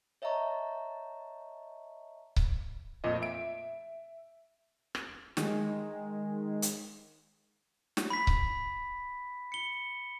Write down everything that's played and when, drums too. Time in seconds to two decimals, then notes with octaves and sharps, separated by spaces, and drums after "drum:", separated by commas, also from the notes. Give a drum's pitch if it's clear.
0.22 C#5 D#5 E5 A5 A#5 C#6
2.36 drum: kick C#1
3.04 F2 A#2 A3 D#5
3.22 E5 D7
4.95 drum: rim click
5.37 D#3 G#3, drum: snare
6.62 drum: hi-hat
7.97 drum: snare
8.10 B5 B6
8.27 drum: kick C#1
9.52 C#7 G7